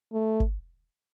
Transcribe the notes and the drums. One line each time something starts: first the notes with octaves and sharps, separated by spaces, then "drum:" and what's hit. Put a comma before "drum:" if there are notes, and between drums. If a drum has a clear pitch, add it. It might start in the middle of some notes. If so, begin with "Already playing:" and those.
A3
drum: kick G1